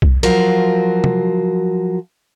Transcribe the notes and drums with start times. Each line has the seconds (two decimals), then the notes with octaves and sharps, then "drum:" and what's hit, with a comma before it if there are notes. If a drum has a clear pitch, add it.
0.02 drum: kick B1
0.23 F3 F#3 F4 F#4 A#4, drum: hi-hat
1.04 drum: tom